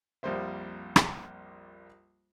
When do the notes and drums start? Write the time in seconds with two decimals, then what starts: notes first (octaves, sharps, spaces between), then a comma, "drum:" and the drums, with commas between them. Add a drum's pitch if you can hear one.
0.23 A#1 F2 G3 A#3 C5 E5
0.96 drum: rim click